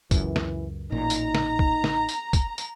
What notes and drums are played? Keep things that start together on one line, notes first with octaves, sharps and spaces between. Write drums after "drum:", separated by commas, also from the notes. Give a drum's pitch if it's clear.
C#2 F#2 E3, drum: kick, tambourine
drum: snare
A1 A#2 D#4 A#5
drum: tambourine
drum: snare
drum: kick
drum: snare
drum: tambourine
drum: kick, tambourine
drum: tambourine